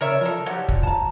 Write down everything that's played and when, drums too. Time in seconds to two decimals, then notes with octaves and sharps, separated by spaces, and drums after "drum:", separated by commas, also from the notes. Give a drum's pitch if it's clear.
0.01 C#3 A#4 C#5 D5 E5
0.21 F3 A4 A#4
0.46 F3 F#3 G4 D5 F#5
0.68 drum: kick
0.83 A5 A#5